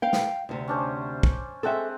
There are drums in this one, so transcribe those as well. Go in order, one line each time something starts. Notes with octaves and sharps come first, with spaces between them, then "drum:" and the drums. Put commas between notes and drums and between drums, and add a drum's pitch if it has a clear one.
F5 G5
drum: snare
D2 C3
C#4 D4 C5
drum: kick
G#3 C4 A4 E5 F#5